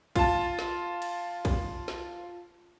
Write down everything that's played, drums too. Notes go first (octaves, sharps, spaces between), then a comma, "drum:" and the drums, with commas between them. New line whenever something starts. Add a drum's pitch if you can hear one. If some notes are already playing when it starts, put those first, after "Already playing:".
F4 A5, drum: kick A#1, cymbal
drum: snare
drum: cymbal
drum: kick A#1, cymbal
drum: snare